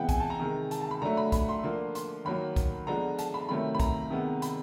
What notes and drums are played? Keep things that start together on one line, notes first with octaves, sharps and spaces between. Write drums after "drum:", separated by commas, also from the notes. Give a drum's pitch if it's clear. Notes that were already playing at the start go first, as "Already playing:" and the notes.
Already playing: C3 E3 G#3 B3 F#5 G5
G#5, drum: kick B1, hi-hat
A5
A#5
C3 D#3 G#3
A5, drum: hi-hat
A5
B5
D3 F#3 A3 A#5
B5
B5, drum: kick B1, hi-hat
C6
D3 F3 A#3
C6, drum: hi-hat
D#3 F#3 A#3 B5
drum: kick B1, hi-hat
D3 F3 G#3 B3 A#5
A5, drum: hi-hat
B5
C3 D#3 F#3 A3 B5
B5
A#5, drum: kick B1, hi-hat
C3 D#3 G#3 B3
B5, drum: hi-hat